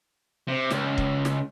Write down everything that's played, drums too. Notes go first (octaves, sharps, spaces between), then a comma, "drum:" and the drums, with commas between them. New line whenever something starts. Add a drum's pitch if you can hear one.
C3
C#2, drum: snare
drum: kick
drum: snare